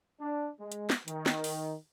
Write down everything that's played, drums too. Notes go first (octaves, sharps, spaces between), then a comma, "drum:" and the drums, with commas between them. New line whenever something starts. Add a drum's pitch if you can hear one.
D4
G#3
drum: hi-hat
drum: snare
D#3, drum: hi-hat
drum: snare
drum: open hi-hat